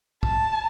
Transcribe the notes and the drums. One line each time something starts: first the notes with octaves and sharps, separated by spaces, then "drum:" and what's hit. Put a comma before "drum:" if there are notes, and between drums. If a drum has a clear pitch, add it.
A5, drum: kick